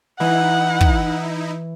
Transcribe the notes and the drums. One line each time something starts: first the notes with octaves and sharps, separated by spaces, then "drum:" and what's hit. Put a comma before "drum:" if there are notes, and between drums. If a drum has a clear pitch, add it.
E3 D#4 E4 F#5
drum: kick